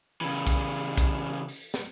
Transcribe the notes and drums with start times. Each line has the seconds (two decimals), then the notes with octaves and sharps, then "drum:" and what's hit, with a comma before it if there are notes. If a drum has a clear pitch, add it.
0.21 C#3 E3
0.47 drum: kick, hi-hat
0.97 drum: kick, hi-hat
1.48 drum: open hi-hat
1.74 drum: snare